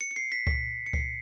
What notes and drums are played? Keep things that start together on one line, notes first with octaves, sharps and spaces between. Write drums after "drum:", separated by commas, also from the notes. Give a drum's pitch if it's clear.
C#7
C#7
C7
B6
B6, drum: kick C#2
C#7
C7, drum: kick C#2